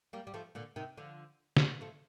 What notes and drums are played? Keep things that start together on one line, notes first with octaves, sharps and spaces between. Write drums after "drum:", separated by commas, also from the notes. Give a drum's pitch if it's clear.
G3 A#3
G3
F3 A3
A#2 D3
C3 D#3
D3 F3
drum: snare
F3 A3